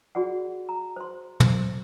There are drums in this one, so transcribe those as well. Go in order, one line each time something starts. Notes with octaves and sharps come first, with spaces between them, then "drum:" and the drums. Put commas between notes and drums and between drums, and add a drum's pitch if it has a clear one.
F#4 G#4 D5 F#5
A#5
C5 C6
C5, drum: tom